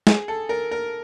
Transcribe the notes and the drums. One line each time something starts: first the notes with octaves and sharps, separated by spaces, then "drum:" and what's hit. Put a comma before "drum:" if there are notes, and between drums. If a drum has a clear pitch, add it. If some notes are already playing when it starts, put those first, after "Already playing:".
G#4, drum: snare
A4
A#4
A#4